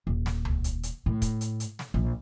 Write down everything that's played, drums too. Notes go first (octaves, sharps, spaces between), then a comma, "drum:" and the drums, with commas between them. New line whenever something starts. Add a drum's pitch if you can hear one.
D#1
drum: snare
drum: tom C#2
drum: hi-hat
drum: hi-hat
A2
drum: kick, hi-hat
drum: hi-hat
drum: hi-hat
drum: snare
A#1